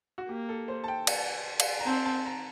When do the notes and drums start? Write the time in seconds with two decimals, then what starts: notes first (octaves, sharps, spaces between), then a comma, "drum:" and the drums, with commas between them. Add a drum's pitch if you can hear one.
0.18 F#4
0.28 A#3 G4
0.49 A4
0.68 C5
0.84 A5
0.88 G5
1.07 drum: cymbal
1.60 drum: cymbal
1.79 A#5
1.86 C4 A5
2.05 A5
2.25 A#5